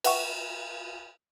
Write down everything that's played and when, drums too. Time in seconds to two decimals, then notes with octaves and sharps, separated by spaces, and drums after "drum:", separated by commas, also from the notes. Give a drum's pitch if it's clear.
0.04 B4 E5 F#5 G5 C#6, drum: cymbal